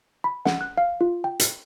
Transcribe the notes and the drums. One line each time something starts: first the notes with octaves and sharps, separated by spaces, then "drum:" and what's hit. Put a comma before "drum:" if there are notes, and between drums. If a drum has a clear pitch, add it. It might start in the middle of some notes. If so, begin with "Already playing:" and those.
B5
F#5, drum: snare
F#6
F5
F4
G5
drum: hi-hat